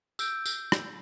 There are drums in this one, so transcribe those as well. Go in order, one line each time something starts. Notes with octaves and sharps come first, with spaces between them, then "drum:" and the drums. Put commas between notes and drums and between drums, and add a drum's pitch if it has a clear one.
E6 G6 D7, drum: tambourine
drum: tambourine
drum: rim click